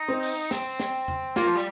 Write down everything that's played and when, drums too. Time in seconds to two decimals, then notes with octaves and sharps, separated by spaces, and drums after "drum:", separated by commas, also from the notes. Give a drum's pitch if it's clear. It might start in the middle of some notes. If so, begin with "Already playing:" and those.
Already playing: D#4
0.08 C4
0.23 drum: open hi-hat
0.51 C4, drum: snare
0.80 drum: snare
1.08 drum: tom E2
1.36 A#3 F4, drum: snare
1.47 F3
1.55 G3